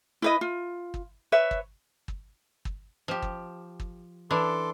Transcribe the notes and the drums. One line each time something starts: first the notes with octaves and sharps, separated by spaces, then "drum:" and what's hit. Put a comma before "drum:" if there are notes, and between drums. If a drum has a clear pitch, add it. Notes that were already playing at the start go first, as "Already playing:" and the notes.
E4 B4 D#5
F4
drum: kick
B4 C#5 E5
drum: kick
drum: kick
drum: kick
F3 G4
drum: kick
drum: kick
E3 D4 A4 C6 D6